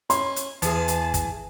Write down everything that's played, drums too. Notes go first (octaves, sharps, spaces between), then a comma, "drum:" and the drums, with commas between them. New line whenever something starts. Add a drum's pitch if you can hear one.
C#4 C6, drum: hi-hat
drum: hi-hat
E2 E3 G#4 A5, drum: hi-hat
drum: hi-hat
drum: kick, hi-hat